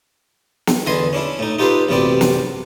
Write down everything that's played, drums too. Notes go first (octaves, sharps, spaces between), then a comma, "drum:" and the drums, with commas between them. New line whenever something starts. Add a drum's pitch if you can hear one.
drum: snare
E2 D3 E3 D#5 G#5 C6
C#4 D4 E4
A2 D#4
D#4 F4 G4 A4 B4 C5
A1 F#2 C3 B3 C4 D5
drum: snare